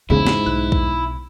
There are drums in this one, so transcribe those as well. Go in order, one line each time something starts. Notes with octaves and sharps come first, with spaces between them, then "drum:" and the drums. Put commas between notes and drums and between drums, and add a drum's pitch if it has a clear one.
E2 G#2 C#3 G#3 A3 E4
drum: snare
B1 F#6
drum: kick A#1